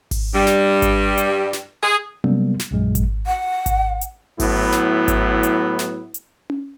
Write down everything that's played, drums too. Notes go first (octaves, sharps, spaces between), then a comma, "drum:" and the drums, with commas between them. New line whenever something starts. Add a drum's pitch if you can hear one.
drum: kick G#1, open hi-hat
G2 G3
drum: snare
drum: kick G#1, hi-hat
drum: hi-hat
drum: snare
G#4
C3 F#3 G3 A#3 B3, drum: tom C#4
drum: snare
A#1 F#2 A#2 F#3 G#3
drum: kick G#1, hi-hat
F#5
drum: kick G#1, hi-hat
drum: hi-hat
A2 F#3 B3 E4, drum: kick G#1, open hi-hat
drum: snare
drum: kick G#1, hi-hat
drum: hi-hat
drum: snare
drum: hi-hat
drum: tom C#4